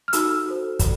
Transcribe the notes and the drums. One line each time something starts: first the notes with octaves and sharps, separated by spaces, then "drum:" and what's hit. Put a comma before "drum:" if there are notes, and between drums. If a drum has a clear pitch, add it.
F6
D#4 F#4 A4 E6, drum: hi-hat
F#4 A4 C5
A4 D5, drum: kick, hi-hat